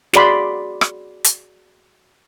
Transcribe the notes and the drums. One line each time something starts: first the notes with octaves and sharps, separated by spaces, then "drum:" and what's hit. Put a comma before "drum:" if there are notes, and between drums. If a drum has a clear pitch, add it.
F#4 G#4 D5 B5 C6, drum: snare
drum: rim click
drum: hi-hat